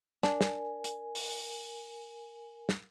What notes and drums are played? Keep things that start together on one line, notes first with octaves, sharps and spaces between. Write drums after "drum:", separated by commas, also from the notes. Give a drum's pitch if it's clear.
D4 A#4 G#5, drum: snare
drum: snare
drum: hi-hat
drum: open hi-hat
drum: snare